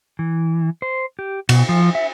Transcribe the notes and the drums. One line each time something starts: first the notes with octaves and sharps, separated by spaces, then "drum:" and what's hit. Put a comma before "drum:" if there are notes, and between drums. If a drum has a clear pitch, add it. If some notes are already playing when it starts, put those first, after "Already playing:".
E3
C5
G4
B2, drum: cymbal
F3
E5